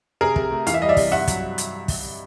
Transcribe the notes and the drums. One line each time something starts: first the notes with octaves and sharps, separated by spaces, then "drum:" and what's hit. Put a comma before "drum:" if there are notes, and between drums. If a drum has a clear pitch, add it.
C3 G#4 A#4
C3, drum: kick
A3
E3 F5, drum: hi-hat
E5
G3 D#5
D5 E5
C3, drum: kick, open hi-hat
G2 E5 F#5
F#3, drum: kick, hi-hat
drum: hi-hat
drum: kick, open hi-hat